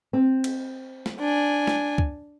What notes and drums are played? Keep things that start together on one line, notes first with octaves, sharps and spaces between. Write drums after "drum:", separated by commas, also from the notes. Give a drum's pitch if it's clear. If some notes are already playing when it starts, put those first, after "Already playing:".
C4
drum: cymbal
drum: snare
D4 G#5
drum: snare
drum: kick C#2